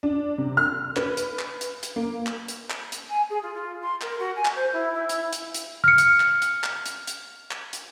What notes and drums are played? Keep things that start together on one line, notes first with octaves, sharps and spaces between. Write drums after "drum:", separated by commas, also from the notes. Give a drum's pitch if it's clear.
D4
C3
F6
B4, drum: clap
drum: hi-hat
drum: clap
drum: hi-hat
drum: hi-hat
A#3
drum: clap
drum: hi-hat
drum: clap
drum: hi-hat
G#5
G#4
F4
F4
C6
A#4, drum: clap
F#4
G#5
drum: clap
C5
E4
E4
E4, drum: hi-hat
drum: hi-hat
drum: hi-hat
F6 C#7
drum: hi-hat
drum: clap
drum: hi-hat
drum: clap
drum: hi-hat
drum: hi-hat
drum: clap
drum: hi-hat